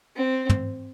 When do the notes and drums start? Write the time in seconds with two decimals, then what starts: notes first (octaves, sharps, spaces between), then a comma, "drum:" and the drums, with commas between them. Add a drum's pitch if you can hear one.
0.16 C4
0.49 drum: tom